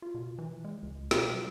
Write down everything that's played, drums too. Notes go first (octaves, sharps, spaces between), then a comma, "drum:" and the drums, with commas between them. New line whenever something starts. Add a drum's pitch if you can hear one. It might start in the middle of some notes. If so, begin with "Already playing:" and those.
F4
B2
E3
G#3
C#2
B2, drum: snare
G3